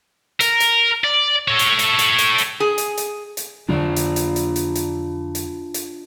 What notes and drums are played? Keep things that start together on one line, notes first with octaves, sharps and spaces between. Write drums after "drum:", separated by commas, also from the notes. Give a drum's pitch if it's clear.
A#4, drum: hi-hat
drum: hi-hat
D5
A4 C#5
drum: hi-hat
drum: hi-hat
drum: hi-hat
drum: hi-hat
drum: hi-hat
G#4
drum: hi-hat
drum: hi-hat
drum: hi-hat
F2 D3 F#3 D4 F4 D5
drum: hi-hat
drum: hi-hat
drum: hi-hat
drum: hi-hat
drum: hi-hat
drum: hi-hat
drum: hi-hat